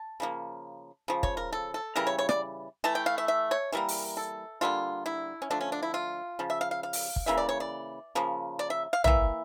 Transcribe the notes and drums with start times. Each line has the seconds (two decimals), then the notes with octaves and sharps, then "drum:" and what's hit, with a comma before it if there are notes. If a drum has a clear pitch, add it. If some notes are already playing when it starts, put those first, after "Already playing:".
Already playing: A5
0.20 C#3 F3 A#3
1.08 C#3 F3
1.23 C#5, drum: kick
1.37 A#4
1.53 A4
1.74 A4
1.96 C#3 E3 G3 A#4
2.07 C#5
2.19 C#5
2.29 D5, drum: rim click
2.84 E3 A3 A5
2.95 G5
3.06 F5
3.18 E5
3.28 E5
3.51 C#5
3.72 E3 G3 A#3 A#4
3.89 drum: open hi-hat
4.17 A4
4.61 D3 G3 A#3 F4
5.06 E4
5.42 C#4
5.50 D3 F3 A3 D4
5.61 C#4
5.72 D4
5.83 E4
5.94 F4
6.39 C#3 F3
6.50 E5
6.61 F5
6.71 F5
6.83 F5
6.93 drum: open hi-hat
7.16 drum: kick
7.26 C#3 E3 A#3 E5
7.37 D5
7.49 C#5
7.60 D5
8.15 C#3 F3 A#3
8.59 D5
8.70 E5
8.93 F5
9.04 E3 A#3 E5, drum: tom